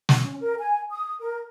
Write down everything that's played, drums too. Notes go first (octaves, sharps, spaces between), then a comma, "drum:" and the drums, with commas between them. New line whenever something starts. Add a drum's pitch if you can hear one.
drum: snare
C#4
A#4
G#5
D#6
A#4